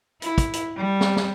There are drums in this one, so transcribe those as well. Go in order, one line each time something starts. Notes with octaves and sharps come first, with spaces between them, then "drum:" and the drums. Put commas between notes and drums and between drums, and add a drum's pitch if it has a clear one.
E4, drum: hi-hat
drum: kick, hi-hat
drum: hi-hat
G3
drum: snare
drum: snare